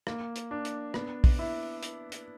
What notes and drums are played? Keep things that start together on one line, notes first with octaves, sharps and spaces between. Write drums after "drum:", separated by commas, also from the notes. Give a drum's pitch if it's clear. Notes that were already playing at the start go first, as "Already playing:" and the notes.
A#3, drum: rim click
drum: hi-hat
D4
drum: hi-hat
B3, drum: rim click
drum: kick A#1, open hi-hat
E4
drum: hi-hat
drum: hi-hat